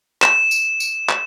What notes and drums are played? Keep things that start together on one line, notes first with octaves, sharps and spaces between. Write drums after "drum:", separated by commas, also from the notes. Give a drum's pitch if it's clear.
E7, drum: clap
drum: tambourine
drum: tambourine
drum: clap